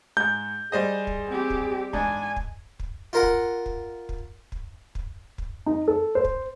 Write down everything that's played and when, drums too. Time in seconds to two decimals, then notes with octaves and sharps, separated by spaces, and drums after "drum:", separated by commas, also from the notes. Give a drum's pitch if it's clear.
0.17 G#2 G6
0.72 G3 G#4 C5 D#5
1.07 drum: kick
1.28 C4 G4
1.50 drum: kick
1.93 G#2 D4 G#5, drum: kick
2.36 drum: kick
2.80 drum: kick
3.13 F4 A#4 F#5
3.23 drum: kick
3.66 drum: kick
4.09 drum: kick
4.52 drum: kick
4.95 drum: kick
5.38 drum: kick
5.66 D#4
5.88 A4
6.15 C5
6.25 drum: kick